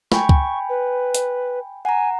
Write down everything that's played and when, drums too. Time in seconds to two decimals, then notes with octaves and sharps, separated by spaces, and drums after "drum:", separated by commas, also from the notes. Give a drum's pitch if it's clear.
0.12 G5 G#5 B5 C#6, drum: snare
0.29 drum: kick C#2
0.69 B4
1.15 drum: hi-hat
1.85 F#5 G#5 A#5